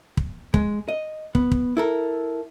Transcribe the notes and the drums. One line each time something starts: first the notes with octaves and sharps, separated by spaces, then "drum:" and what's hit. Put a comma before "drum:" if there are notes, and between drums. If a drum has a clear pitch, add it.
drum: kick
G#3, drum: kick
D#5
B3, drum: kick
drum: kick
E4 A4 A#4